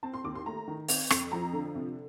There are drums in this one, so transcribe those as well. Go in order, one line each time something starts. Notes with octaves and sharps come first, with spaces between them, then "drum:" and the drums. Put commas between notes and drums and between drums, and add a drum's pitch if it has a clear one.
C4 A5
C6
D#2 D6
C6
A3 A#5
D#3
C4, drum: open hi-hat
F2, drum: rim click
F3 A#5
D3
C3